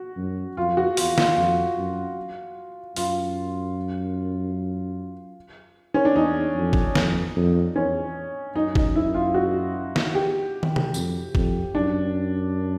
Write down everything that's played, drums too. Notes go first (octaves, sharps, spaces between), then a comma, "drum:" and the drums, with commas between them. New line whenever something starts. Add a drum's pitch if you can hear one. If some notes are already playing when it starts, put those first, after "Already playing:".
Already playing: F#4
F#2
F2 F4
F#4
E2 F4, drum: open hi-hat
F4, drum: snare
F2 F4
F#2
F#2 F4, drum: open hi-hat
C#4
D4
E2 D#4
F2
drum: kick
F2, drum: snare
F2
E2 C#4
F#2 D#4
D#4, drum: kick
E4
F4
F#4
drum: snare
G4
drum: tom
drum: tom C3
F2, drum: tambourine
F2, drum: kick
F#2 D4